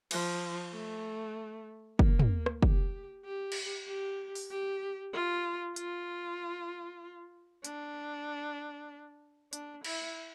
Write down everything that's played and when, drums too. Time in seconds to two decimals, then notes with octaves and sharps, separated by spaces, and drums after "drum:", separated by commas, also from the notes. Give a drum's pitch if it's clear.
0.11 F3, drum: cymbal
0.73 A3
1.99 A#3, drum: kick
2.19 drum: tom
2.46 drum: rim click
2.63 G4, drum: kick
3.25 G4
3.52 drum: cymbal
3.88 G4
4.35 drum: open hi-hat
4.51 G4
5.13 F4
5.76 F4, drum: hi-hat
7.64 D4, drum: hi-hat
9.53 D4, drum: hi-hat
9.84 E4, drum: cymbal